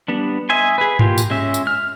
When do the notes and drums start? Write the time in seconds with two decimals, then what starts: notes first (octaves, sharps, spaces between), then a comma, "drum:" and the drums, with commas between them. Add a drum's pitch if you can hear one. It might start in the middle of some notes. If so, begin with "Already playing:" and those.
0.08 G3 B3 D4
0.49 D#5 E5 G#5 C6
0.78 G#4 B4
0.99 A#3 F4 G4, drum: tom G2
1.18 drum: tambourine
1.30 G#3 C#4 E5
1.54 drum: tambourine
1.67 F6